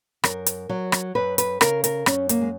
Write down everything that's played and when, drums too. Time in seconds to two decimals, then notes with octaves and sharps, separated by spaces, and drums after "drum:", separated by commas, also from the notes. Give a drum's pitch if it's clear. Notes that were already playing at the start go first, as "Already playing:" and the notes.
0.24 F#2 A#4, drum: rim click
0.46 drum: hi-hat
0.69 F#3
0.92 drum: rim click
1.15 F#2 B4
1.38 B4, drum: hi-hat
1.61 C#3 A#4, drum: rim click
1.84 A#4, drum: hi-hat
2.06 F#2 C#4, drum: rim click
2.29 A#3, drum: hi-hat
2.41 G#3